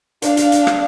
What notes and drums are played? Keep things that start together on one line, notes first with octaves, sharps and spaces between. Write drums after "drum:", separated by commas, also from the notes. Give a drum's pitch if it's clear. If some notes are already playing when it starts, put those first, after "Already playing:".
D4 F5, drum: hi-hat
drum: hi-hat
drum: hi-hat
drum: rim click